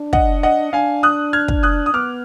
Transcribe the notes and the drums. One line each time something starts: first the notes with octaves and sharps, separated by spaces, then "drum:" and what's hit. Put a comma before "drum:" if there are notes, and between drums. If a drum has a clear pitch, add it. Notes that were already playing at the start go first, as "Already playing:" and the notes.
Already playing: D4
D#5 F#5, drum: kick
D#5 F#5
D4 F5 G#5
D#6 F#6
F6 G#6
drum: kick
D#6 F#6
D#6
B3 D6 F6